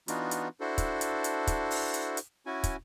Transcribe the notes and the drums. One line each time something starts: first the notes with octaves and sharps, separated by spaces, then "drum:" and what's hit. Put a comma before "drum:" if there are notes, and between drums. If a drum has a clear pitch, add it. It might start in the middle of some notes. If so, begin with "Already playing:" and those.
E3 B3 D4 D#4 F4 F#4, drum: hi-hat
drum: hi-hat
D4 E4 F#4 A4 C5
drum: kick, hi-hat
drum: hi-hat
drum: hi-hat
drum: kick, hi-hat
drum: open hi-hat
drum: hi-hat
drum: hi-hat
C#4 E4 F#4 G#5
drum: kick, hi-hat